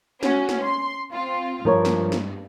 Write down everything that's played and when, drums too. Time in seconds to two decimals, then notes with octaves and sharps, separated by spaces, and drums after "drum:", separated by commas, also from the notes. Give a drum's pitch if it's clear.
0.23 C#4 F#4, drum: snare
0.49 drum: snare
0.62 C6
1.14 C4 F4
1.65 G2 F3 A#4 C#5
1.85 drum: snare
2.12 drum: snare